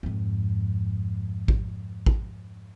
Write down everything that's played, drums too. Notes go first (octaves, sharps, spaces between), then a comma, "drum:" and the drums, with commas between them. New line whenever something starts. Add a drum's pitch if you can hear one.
F2 G#2
drum: kick A1
drum: kick A1